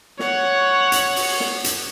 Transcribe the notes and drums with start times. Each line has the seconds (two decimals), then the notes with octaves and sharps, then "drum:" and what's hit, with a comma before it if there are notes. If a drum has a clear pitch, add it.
0.19 C#5 F#5, drum: snare
0.92 drum: hi-hat
1.16 drum: open hi-hat
1.40 drum: snare
1.64 drum: hi-hat